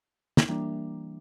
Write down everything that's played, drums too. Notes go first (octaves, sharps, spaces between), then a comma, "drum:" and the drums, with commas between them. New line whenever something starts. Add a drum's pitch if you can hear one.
drum: snare
E3 G3 A#3 D4